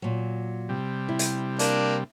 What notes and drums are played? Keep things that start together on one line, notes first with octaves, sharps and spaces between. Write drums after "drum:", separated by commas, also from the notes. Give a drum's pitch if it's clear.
A#2 F#3
C3 G3
E4
drum: hi-hat
A#3 D4, drum: hi-hat